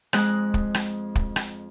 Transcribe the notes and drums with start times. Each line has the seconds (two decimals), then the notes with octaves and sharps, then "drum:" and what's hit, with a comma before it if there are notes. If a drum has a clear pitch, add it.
0.13 F2 G#3 D#5 F#6, drum: rim click
0.54 drum: kick
0.74 drum: rim click
1.15 drum: kick
1.36 drum: rim click